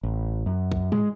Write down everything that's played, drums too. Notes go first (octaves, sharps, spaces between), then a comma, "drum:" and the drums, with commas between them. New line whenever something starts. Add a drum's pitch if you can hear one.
A1
F#2
drum: kick
G#3, drum: tom G#2